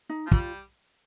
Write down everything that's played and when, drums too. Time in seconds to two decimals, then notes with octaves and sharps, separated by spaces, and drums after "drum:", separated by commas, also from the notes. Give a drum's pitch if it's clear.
0.09 D#4
0.27 F3
0.32 G3 F4, drum: kick